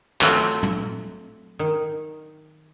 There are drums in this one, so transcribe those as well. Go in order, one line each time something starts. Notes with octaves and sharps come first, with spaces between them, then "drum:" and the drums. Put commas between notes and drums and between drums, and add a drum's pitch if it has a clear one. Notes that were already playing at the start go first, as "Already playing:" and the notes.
F#3 A3 C4 F4, drum: clap
drum: tom
D#3